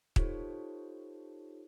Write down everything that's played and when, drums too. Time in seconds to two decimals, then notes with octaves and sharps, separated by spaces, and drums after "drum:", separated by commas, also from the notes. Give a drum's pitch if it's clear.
0.16 D#4 F4 G4 A4 C5 C#5, drum: kick